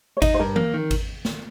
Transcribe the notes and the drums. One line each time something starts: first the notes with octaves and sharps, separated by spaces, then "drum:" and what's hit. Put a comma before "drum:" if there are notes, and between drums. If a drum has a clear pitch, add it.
C#5
D#4 D#5, drum: kick G#1, cymbal
C5
G2 A#4
A#3, drum: tom E3
D#3
drum: kick G#1, cymbal
drum: snare